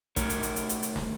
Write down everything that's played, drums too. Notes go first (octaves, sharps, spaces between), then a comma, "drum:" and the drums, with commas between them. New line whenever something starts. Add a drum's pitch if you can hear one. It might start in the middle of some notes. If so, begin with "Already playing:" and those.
A3 D#4 A#4 C#5, drum: kick, hi-hat
drum: hi-hat
drum: hi-hat
drum: hi-hat
drum: hi-hat
drum: hi-hat
drum: snare